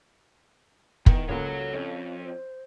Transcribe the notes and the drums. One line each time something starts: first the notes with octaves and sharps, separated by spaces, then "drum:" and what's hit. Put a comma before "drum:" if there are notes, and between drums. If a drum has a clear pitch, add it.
E2 D#3 B4, drum: kick
C#2 A#3 A4 C#5 F#5
F2 C#4
C5